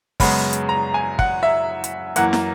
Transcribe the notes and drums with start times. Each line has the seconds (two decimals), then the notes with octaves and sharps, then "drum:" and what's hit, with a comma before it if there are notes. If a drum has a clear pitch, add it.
0.20 F#2 C#3 G#3 B3 B5, drum: kick, open hi-hat
0.53 drum: hi-hat
0.69 A#5
0.94 G#5
1.19 F#5, drum: kick
1.43 E5
1.84 drum: hi-hat
2.16 F#2 E3 A#3 F#5, drum: hi-hat
2.33 drum: snare